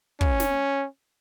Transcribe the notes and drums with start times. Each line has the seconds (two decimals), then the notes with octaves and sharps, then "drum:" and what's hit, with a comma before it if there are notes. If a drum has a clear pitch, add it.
0.21 C#4, drum: kick
0.40 drum: snare